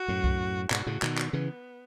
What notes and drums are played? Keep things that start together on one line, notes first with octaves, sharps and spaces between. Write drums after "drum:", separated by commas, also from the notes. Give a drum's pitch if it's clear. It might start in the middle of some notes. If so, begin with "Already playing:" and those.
Already playing: F#4
F#2 A2
drum: kick C2
G#2 B2 F#4, drum: clap
A2 C#3
B2 D#3, drum: clap
drum: clap
C#3 E3 B3